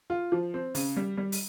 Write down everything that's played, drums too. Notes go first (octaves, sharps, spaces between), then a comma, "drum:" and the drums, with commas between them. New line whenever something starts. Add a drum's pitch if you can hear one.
F4
F3
C4
C#3, drum: open hi-hat
G3
G3
drum: open hi-hat